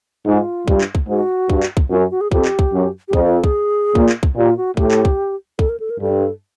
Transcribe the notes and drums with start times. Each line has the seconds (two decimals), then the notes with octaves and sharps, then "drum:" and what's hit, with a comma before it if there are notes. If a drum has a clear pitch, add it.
0.26 G#2 F4
0.68 G2, drum: kick
0.81 drum: clap
0.95 drum: kick
1.08 G#2 F#4
1.50 G2, drum: kick
1.63 drum: clap
1.77 drum: kick
1.90 F#2 F4
2.01 F#4
2.11 F#4
2.21 G#4
2.32 F2 G4, drum: kick
2.45 drum: clap
2.59 drum: kick
2.72 F#2
3.08 G4
3.13 F2 G#4, drum: kick
3.23 A4
3.34 A4
3.44 G#4, drum: kick
3.95 A#2, drum: kick
4.09 drum: clap
4.23 drum: kick
4.36 A#2 G4
4.50 F4
4.57 F#4
4.77 A2 G4, drum: kick
4.91 drum: clap
5.05 drum: kick
5.59 A4, drum: kick
5.69 A#4
5.80 A4
5.90 A#4
6.00 G2 A4